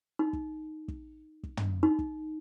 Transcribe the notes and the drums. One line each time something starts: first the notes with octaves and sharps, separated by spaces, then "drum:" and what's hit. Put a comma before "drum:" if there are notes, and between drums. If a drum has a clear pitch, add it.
D#4
drum: kick
drum: kick
drum: kick
drum: tom
D#4
drum: kick